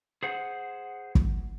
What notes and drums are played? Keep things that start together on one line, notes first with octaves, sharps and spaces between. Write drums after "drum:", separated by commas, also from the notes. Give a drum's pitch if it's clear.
G#4 C5 F#5
drum: kick